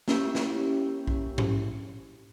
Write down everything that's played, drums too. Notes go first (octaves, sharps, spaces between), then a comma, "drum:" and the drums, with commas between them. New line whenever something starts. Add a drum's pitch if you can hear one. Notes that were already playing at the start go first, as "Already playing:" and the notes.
A#3 C#4 E4 G4, drum: snare
drum: snare
drum: kick A#1
drum: tom G#2